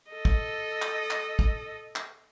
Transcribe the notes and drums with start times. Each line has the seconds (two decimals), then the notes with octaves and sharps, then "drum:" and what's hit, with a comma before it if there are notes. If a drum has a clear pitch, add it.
0.11 A4 D#5
0.25 drum: kick
0.82 drum: clap
1.10 drum: clap
1.39 drum: kick
1.96 drum: clap